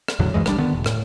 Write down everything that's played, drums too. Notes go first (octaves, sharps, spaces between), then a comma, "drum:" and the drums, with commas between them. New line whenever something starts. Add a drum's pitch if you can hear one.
drum: rim click
E2 A2 D3 F#3
D2 G2 E3 G#3
A1 G3 D4, drum: rim click
D3 D#3 B3
E1
A2, drum: rim click